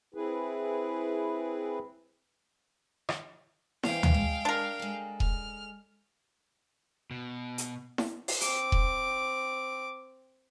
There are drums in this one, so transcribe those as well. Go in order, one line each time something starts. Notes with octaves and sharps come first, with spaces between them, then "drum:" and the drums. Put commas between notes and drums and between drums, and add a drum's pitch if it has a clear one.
C4 E4 G#4 B4
drum: rim click
E3 C5 D5 F5 G5, drum: snare E4
drum: tom D2
G#3
D4 A#4
G#3 A4
F6, drum: kick E1
B2
drum: hi-hat
drum: snare E4
drum: open hi-hat
C4 D6, drum: hi-hat
drum: kick E1